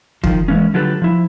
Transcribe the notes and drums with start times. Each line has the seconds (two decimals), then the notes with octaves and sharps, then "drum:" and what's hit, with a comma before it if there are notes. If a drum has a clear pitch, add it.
0.24 D#3 F3, drum: kick
0.48 E3 G#3 A#3 C#4
0.74 D3 F#3 F4 G4 A4 B4
1.02 F3 E4